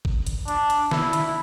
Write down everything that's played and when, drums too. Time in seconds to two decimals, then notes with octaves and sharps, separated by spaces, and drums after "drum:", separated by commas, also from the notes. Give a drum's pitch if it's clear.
0.05 drum: kick G#1
0.27 drum: hi-hat
0.48 D4, drum: hi-hat
0.70 drum: hi-hat
0.91 E4, drum: snare
1.13 drum: hi-hat